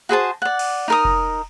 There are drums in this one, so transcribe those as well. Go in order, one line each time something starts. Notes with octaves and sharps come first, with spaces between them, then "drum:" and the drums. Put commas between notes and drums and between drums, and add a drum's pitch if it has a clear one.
F#4 G#4 C5 A5
D5 F#5
drum: cymbal
D#4 A#4 D#6
drum: kick F1